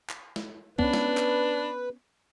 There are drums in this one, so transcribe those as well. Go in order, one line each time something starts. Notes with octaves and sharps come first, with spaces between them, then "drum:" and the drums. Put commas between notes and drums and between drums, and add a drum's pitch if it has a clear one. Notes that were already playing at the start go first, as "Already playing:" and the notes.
drum: clap
drum: snare
B3 C#4 D4 B4, drum: kick C2
drum: snare
drum: clap